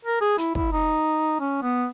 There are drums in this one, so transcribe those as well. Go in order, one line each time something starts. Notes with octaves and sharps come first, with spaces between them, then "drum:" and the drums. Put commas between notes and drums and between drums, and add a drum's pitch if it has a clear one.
A#4
G#4
E4, drum: hi-hat
E4, drum: kick
D#4
C#4
B3